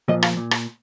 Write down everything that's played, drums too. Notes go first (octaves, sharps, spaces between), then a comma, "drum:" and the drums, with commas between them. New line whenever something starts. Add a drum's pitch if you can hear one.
A#2 F3 D#5
F5, drum: rim click
A#2
drum: rim click